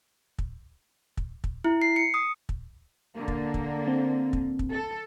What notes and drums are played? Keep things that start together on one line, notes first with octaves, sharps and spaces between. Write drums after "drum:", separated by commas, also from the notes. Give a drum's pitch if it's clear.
drum: kick
drum: kick
drum: kick
E4
C7
C#7
D#6
drum: kick
D3 A#3
drum: kick
drum: kick
C4
drum: kick
drum: kick
A4